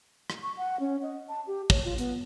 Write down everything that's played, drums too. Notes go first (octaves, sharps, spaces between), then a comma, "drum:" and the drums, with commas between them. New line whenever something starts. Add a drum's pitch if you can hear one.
drum: rim click
C#6
F#5
C#4
D#5
A5
G4
C#5, drum: kick
F4
B3, drum: hi-hat